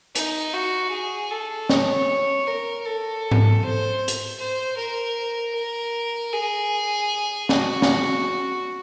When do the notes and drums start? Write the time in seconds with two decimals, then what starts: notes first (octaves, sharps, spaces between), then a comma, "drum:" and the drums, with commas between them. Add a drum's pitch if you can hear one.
0.15 D#4, drum: hi-hat
0.54 F#4
0.92 G#4
1.30 A4
1.69 C#5, drum: snare
2.47 A#4
2.85 A4
3.31 drum: tom G#2
3.63 C5
4.08 drum: hi-hat
4.40 C5
4.78 A#4
5.56 A#4
6.33 G#4
7.49 F#4, drum: snare
7.82 drum: snare